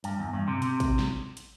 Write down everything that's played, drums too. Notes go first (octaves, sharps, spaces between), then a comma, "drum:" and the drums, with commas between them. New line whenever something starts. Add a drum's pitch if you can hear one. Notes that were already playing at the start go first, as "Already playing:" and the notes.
G2, drum: hi-hat
E2
G2
C3
C3, drum: hi-hat
drum: kick, hi-hat
drum: snare
drum: hi-hat